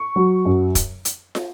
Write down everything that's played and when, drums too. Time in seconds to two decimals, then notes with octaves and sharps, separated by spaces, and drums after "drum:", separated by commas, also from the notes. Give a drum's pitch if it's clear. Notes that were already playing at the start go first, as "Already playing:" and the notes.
Already playing: C#6
0.16 F#3
0.45 F#2
0.75 drum: kick, hi-hat
1.05 drum: hi-hat
1.35 drum: snare